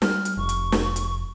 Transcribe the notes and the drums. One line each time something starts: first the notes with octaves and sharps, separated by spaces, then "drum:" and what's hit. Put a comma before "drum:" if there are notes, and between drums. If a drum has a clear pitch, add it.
G3 F6, drum: snare
drum: hi-hat
F1 C#6
drum: hi-hat
drum: snare
drum: hi-hat